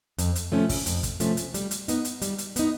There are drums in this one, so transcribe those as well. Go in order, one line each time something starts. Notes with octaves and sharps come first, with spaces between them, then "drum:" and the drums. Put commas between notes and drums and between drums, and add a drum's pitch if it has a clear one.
F2, drum: hi-hat
drum: hi-hat
C3 F3 A3 C#4
drum: kick, open hi-hat
F2, drum: hi-hat
drum: kick, hi-hat
C3 F3 A3 C#4, drum: hi-hat
drum: hi-hat
G3, drum: hi-hat
drum: hi-hat
B3 D#4, drum: hi-hat
drum: hi-hat
G3, drum: hi-hat
drum: hi-hat
B3 D#4, drum: hi-hat